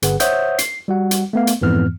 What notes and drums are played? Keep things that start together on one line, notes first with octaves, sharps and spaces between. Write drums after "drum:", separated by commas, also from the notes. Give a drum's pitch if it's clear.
G1 G#4 B4 F#5, drum: hi-hat
C5 C#5 E5 F#5 D#6 G6, drum: hi-hat
C7, drum: hi-hat
G3 F#4 F#5
drum: hi-hat
A3 B3 F5
drum: hi-hat
F2 G#2 E3 B3 F6